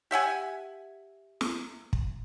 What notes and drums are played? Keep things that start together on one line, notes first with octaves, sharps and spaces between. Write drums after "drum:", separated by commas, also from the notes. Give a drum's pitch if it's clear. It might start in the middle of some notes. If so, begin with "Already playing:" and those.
G4 E5 F#5 G#5
drum: snare
drum: kick